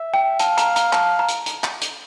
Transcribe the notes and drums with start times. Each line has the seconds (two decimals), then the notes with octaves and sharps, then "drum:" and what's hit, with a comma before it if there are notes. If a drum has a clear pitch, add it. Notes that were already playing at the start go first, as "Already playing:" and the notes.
Already playing: E5
0.14 G5
0.39 F5 A5, drum: hi-hat
0.58 A#5, drum: hi-hat
0.76 A#5, drum: hi-hat
0.93 A5, drum: clap
1.19 A#5
1.28 drum: hi-hat
1.46 drum: hi-hat
1.64 drum: clap
1.81 drum: hi-hat